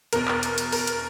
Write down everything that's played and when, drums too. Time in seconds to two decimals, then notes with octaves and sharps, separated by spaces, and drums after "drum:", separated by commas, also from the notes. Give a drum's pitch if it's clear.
0.13 E2 B2 A#4, drum: hi-hat
0.28 drum: clap
0.43 drum: hi-hat
0.58 drum: hi-hat
0.72 A#4, drum: open hi-hat
0.87 drum: hi-hat